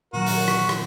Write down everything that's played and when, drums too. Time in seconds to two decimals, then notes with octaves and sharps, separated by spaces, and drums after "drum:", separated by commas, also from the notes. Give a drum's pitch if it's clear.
0.13 A#2 D#3 F#3 F#4 A#4
0.26 drum: open hi-hat
0.48 C#6, drum: rim click
0.69 drum: rim click